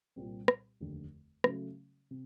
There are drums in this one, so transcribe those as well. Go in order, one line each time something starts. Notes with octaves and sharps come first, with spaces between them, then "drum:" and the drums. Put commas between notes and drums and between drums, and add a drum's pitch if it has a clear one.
C2 A#2 G3 C4
drum: rim click
F1 D#2 D3
C#3 F#3 A3, drum: rim click
C3